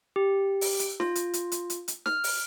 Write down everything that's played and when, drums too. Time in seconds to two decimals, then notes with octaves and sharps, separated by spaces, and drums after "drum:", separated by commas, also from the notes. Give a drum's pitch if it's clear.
0.16 G4
0.61 drum: open hi-hat
0.79 drum: hi-hat
1.00 F4, drum: snare
1.15 drum: hi-hat
1.33 drum: hi-hat
1.52 drum: hi-hat
1.70 drum: hi-hat
1.88 drum: hi-hat
2.06 F6, drum: snare
2.24 drum: open hi-hat